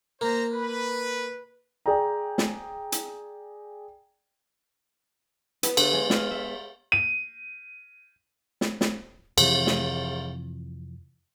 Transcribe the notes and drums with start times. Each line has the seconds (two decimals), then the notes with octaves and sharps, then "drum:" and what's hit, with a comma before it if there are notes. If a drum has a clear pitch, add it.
0.21 A#3 C5 A#5
0.52 B4
1.86 G#4 D5 G5 A#5
2.38 drum: snare
2.92 drum: hi-hat
5.63 B3, drum: hi-hat
5.77 D3, drum: cymbal
5.93 G#3
6.10 F5, drum: snare
6.31 E5
6.92 D#7
8.61 drum: snare
8.81 drum: snare
9.38 F2 C3 E3, drum: cymbal
9.67 drum: snare